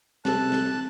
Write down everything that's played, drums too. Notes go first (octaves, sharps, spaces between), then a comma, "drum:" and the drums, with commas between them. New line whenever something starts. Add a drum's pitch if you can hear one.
C3 A4 A5 F#6, drum: snare
drum: snare